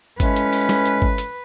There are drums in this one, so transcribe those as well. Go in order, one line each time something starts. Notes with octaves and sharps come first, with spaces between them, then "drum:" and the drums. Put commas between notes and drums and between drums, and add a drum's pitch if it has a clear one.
A2 G#3 C#4 B4, drum: kick G#1, hi-hat
drum: hi-hat
drum: open hi-hat
drum: snare
drum: hi-hat
drum: kick G#1
drum: hi-hat